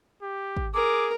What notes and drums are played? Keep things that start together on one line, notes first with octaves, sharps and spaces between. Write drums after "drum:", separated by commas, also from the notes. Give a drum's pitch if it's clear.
G4
drum: kick
G#4 A#4 D6